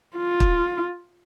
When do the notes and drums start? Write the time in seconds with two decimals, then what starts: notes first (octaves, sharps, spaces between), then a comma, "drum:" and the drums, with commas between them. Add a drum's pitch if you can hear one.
0.17 F4
0.40 drum: kick